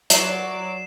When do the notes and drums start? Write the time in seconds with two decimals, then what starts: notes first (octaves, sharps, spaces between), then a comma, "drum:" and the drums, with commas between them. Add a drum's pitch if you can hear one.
0.10 F#3 D5 C7 E7, drum: hi-hat